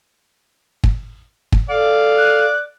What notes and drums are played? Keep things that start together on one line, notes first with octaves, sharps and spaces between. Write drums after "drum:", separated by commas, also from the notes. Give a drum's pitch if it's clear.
drum: kick
drum: kick
A4 D5 F5
F#6